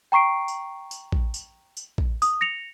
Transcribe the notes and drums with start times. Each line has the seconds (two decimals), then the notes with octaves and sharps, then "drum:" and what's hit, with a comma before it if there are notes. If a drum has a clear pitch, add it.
0.12 G5 A#5 C#6 C7 D7
0.48 drum: tambourine
0.91 drum: tambourine
1.12 drum: kick
1.34 drum: tambourine
1.77 drum: tambourine
1.98 drum: kick
2.22 D#6, drum: tambourine
2.41 A#6 C#7 F7